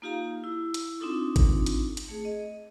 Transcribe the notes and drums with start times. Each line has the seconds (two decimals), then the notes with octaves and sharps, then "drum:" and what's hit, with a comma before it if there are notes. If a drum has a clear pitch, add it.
0.02 A#3 D#4 F4 G4 F5 A#5
0.44 E4
0.74 drum: hi-hat
1.00 C4 D4 D#4 F4 A4 C#6
1.36 drum: kick G#1, hi-hat
1.66 drum: hi-hat
1.97 drum: hi-hat
2.09 A3 G#4
2.25 D#5